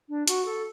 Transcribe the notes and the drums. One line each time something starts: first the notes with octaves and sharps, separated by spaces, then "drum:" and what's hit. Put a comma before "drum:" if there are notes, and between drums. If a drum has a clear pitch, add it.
D4
F#4, drum: hi-hat
A4